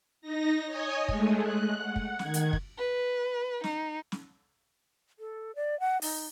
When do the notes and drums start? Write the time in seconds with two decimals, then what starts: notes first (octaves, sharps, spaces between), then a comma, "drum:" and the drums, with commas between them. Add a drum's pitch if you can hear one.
0.22 D#4 A#6
0.66 C#5 D#5 G#5 D#6
1.08 G#3 A3, drum: kick
1.41 F#6
1.76 F#5
1.96 drum: kick
2.19 D#3 G#6, drum: snare
2.34 drum: hi-hat
2.53 drum: kick
2.78 B4
3.64 D#4, drum: snare
4.12 drum: snare
5.19 A4
5.56 D5
5.80 F#5
6.02 D#4, drum: open hi-hat